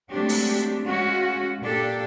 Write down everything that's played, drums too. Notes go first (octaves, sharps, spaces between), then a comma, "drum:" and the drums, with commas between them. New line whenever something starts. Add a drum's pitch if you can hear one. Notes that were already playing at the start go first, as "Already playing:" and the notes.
F#3 G#3 A3 C4 D4 G4
drum: open hi-hat
G#3 C#4 F4 F#4
A#2 D4 G4 A4